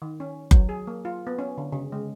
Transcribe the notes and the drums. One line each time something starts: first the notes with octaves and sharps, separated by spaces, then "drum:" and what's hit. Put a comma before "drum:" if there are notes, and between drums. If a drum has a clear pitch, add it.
D#3
C#4
F#3, drum: kick F#1
G#4
A#3
F4
B3
C#4
D3
C#3
G#3